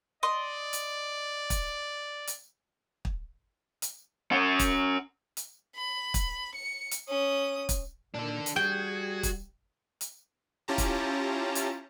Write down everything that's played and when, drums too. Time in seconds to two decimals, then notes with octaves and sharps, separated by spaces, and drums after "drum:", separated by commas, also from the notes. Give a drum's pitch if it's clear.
0.23 D5 D#5 C6
0.73 drum: hi-hat
1.50 drum: kick, hi-hat
2.27 drum: hi-hat
3.05 drum: kick
3.82 drum: hi-hat
4.32 C#4 F#5
4.59 drum: kick, hi-hat
5.37 drum: hi-hat
5.75 B5
6.14 drum: kick, hi-hat
6.54 C#7
6.91 drum: hi-hat
7.08 C#4 D#6
7.69 drum: kick, hi-hat
8.14 A#2 D#3 D4 A4
8.46 drum: hi-hat
8.56 G3 F#4 G#4 G5
9.23 drum: kick, hi-hat
10.01 drum: hi-hat
10.68 C#4 E4 F4 G4 A5 A#5
10.78 drum: kick, hi-hat
11.55 drum: hi-hat